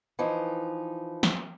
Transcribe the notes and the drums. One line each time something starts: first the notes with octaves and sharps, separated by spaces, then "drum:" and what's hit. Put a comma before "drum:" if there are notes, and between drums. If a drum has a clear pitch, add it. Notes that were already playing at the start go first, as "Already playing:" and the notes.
E3 F3 D#4
drum: snare